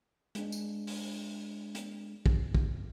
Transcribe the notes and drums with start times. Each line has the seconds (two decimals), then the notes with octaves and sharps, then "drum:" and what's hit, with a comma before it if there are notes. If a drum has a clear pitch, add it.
0.35 G#3 D4, drum: hi-hat
0.52 drum: tambourine
0.87 drum: open hi-hat
1.75 drum: hi-hat
2.26 drum: kick
2.55 drum: kick